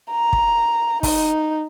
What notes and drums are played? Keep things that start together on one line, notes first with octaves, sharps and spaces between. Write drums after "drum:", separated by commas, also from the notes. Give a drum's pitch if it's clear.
A#5
drum: kick
D#4, drum: kick, open hi-hat